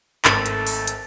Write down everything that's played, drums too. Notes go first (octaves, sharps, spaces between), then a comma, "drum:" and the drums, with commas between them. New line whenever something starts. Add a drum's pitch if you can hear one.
G#1 A3 A4 A6, drum: clap
drum: hi-hat
drum: open hi-hat
drum: hi-hat